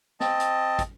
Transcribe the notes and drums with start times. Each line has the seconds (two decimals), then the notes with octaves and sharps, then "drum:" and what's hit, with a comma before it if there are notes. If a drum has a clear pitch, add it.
0.20 C4 D#5 A5, drum: snare
0.40 drum: hi-hat
0.79 drum: kick, hi-hat